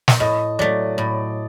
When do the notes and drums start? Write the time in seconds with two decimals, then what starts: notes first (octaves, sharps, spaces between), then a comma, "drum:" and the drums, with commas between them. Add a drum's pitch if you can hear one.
0.08 drum: snare
0.20 A2 D#5
0.59 F#3 A3 D5
0.98 A2